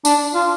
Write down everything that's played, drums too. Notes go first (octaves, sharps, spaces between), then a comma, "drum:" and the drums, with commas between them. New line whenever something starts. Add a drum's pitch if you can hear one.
D4, drum: tambourine
F4